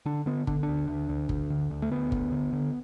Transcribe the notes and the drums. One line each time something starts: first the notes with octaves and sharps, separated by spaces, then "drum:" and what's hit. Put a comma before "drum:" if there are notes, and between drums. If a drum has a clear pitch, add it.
D3 D4
D3 B3
D3 D4, drum: kick G1
D4
D2
D2
D2
D2, drum: kick G1
D3
D2
A3
D2 B3
D3, drum: kick G1
D3
D3